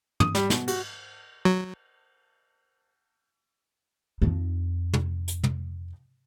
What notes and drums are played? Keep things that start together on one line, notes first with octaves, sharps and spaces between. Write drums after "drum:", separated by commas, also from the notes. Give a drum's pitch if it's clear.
D#6, drum: tom
G3, drum: snare
B2, drum: snare
F#4, drum: cymbal
F#3
F2 D#4
drum: tom
drum: hi-hat
drum: tom